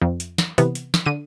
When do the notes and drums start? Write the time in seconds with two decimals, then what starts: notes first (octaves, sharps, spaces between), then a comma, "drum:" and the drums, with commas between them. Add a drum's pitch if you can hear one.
0.01 F2
0.20 drum: hi-hat
0.38 drum: snare
0.58 C3 E3 B3, drum: hi-hat
0.75 drum: hi-hat
0.94 drum: snare
1.06 D3 D#7